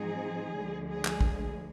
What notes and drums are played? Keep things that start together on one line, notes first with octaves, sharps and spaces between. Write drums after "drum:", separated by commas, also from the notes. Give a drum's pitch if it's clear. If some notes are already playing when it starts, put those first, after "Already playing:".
Already playing: G#2 F3 C4 D#4 G#4
D2 D3 F3 G#3
G#4
drum: clap
drum: kick